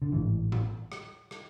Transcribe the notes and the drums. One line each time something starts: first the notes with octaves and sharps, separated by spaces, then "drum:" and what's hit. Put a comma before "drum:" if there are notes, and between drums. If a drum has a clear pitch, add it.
D3
A1 G#2 E3
drum: tom A2
drum: rim click
drum: rim click